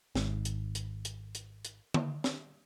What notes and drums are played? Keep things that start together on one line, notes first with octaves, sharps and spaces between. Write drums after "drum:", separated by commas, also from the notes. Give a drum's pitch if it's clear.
G#1 G#2, drum: snare
drum: hi-hat
drum: hi-hat
drum: hi-hat
drum: hi-hat
drum: hi-hat
drum: tom D3
drum: snare